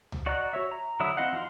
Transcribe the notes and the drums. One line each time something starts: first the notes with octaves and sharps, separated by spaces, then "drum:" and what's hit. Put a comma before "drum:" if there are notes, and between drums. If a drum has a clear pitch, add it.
drum: tom C#2
F#4 D5 D#5 A#5 F#6
F#4 C#5 E5
A#5
D3 F#3 E4 E5 D#6
C4 E4 D#5 F5 F#5
F3 D#4 F#4 F5 C6